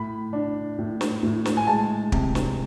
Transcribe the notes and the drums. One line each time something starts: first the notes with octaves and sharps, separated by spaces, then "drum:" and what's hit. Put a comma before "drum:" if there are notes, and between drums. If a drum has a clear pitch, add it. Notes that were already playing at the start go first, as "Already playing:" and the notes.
Already playing: A2 B5
D4
A2
drum: snare
A2
drum: snare
G#5
G#3 A5
C3, drum: kick
drum: snare